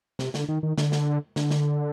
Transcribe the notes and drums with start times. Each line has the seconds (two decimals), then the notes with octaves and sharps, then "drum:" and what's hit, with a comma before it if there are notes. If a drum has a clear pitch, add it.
0.19 C3, drum: snare
0.34 D3, drum: snare
0.49 D#3
0.63 D#3
0.78 D3, drum: snare
0.92 drum: snare
1.36 D3, drum: snare
1.51 drum: snare